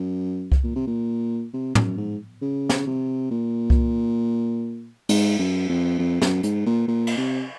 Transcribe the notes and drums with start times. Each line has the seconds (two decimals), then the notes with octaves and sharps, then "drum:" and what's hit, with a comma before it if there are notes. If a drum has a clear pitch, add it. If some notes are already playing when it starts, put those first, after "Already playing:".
Already playing: F#2
0.52 drum: kick C2
0.64 A#2
0.75 C3
0.87 A#2
1.53 C3
1.75 F#2, drum: tom
1.97 G#2
2.42 C#3
2.69 drum: snare
2.87 C3
3.31 A#2
3.70 drum: kick C2
5.09 G#2, drum: cymbal
5.39 F#2
5.69 F2
5.99 F2
6.22 F#2, drum: snare
6.43 G#2, drum: hi-hat
6.66 A#2
6.88 A#2
7.07 drum: cymbal
7.17 C3